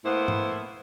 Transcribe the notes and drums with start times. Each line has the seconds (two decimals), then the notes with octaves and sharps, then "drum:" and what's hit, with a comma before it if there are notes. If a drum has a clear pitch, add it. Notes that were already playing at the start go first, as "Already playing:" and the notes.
0.05 A2 A#3 B3 E4 C5
0.28 drum: tom G#2